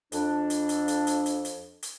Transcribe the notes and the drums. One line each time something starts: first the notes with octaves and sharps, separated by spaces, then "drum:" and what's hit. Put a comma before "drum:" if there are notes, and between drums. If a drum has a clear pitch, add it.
F2 D4, drum: hi-hat
drum: hi-hat
drum: hi-hat
drum: hi-hat
drum: hi-hat
drum: hi-hat
drum: hi-hat
drum: hi-hat